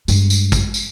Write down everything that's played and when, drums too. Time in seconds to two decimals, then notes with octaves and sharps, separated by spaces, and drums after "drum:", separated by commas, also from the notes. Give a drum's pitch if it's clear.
0.08 G2 G#3, drum: tambourine
0.30 drum: tambourine
0.52 drum: kick, tambourine
0.74 drum: tambourine